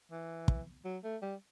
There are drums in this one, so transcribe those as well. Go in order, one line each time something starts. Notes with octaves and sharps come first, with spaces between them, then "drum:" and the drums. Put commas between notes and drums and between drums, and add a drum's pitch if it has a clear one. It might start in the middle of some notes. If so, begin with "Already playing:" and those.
E3
drum: kick
F#3
A3
G3